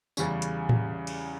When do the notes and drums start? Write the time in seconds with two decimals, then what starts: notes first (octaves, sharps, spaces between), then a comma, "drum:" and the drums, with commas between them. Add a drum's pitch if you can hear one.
0.17 E2 C#3 G3 C#4, drum: tambourine
0.42 drum: hi-hat
0.69 drum: tom A2
1.07 drum: cymbal